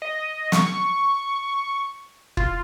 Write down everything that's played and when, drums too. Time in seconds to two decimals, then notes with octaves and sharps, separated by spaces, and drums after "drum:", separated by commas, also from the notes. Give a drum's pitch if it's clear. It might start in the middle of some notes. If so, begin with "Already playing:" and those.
0.02 D#5
0.52 C#6, drum: snare
2.37 F4, drum: kick